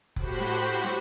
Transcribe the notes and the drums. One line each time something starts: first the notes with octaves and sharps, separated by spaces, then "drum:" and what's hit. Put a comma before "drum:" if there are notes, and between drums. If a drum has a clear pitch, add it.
A2 F#4 G4 C5 B5, drum: kick F1
drum: snare
drum: snare